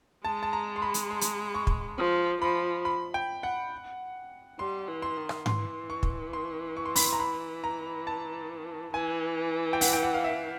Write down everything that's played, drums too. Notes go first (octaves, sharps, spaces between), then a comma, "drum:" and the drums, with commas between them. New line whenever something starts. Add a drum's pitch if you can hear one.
G#3 A5
A5
A#5
C6
B5
drum: hi-hat
C6
drum: hi-hat
C#6
drum: kick
F3
F3 B5
B5
G5
F#5
G3 C6
E3
C6
D#3
drum: rim click
E3 C6, drum: tom G#2
C#6
drum: kick
C6
C#6
C6
B5, drum: open hi-hat
C6
A#5
B5
A#5
A5
E3 G#5
G5
F#5, drum: open hi-hat
G5
F#5
F5
E5